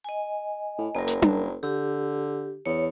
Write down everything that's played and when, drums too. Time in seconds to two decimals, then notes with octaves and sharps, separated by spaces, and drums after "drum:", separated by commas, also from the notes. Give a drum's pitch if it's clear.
0.04 D#5 G#5
0.78 A2
0.95 F#1 A#3 A#4
1.08 drum: hi-hat
1.22 drum: tom D4
1.63 D3 G4
2.66 E2 C#5